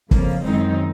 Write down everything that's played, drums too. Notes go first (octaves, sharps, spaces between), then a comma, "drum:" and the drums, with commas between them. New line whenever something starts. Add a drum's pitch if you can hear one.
F2 C#3 F3 A#3, drum: kick F#1
F#2 D#3 G#3 C4 D#4